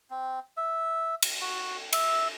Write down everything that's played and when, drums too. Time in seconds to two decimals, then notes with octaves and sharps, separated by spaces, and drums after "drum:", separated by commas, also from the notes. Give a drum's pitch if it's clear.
0.10 C4
0.57 E5
1.22 drum: cymbal
1.41 F#4
1.93 E5, drum: cymbal